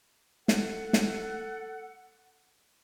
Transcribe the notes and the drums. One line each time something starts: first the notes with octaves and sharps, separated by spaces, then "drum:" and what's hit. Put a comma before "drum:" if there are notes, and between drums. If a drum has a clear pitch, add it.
A4 F#5, drum: snare
drum: snare